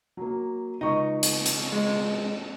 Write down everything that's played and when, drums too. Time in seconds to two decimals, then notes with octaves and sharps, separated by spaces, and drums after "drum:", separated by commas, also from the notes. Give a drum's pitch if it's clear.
0.17 F#3 A#3
0.81 C#2 D#4 C#6
1.23 drum: hi-hat
1.46 drum: hi-hat
1.72 G#3